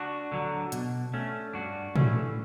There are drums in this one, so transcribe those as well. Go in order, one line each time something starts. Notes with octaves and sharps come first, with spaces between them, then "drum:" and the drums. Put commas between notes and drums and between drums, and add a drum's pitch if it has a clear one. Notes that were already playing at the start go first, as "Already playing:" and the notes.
Already playing: D4 F#4
D3 F#3
B2, drum: hi-hat
A3 C#4
G2 D4 F#4
E3 A3 C#4, drum: tom A2